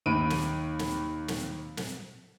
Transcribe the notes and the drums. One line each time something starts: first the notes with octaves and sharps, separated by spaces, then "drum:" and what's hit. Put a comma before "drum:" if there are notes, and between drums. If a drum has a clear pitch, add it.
D#2 B5 D7 D#7
drum: snare
drum: snare
drum: snare
drum: snare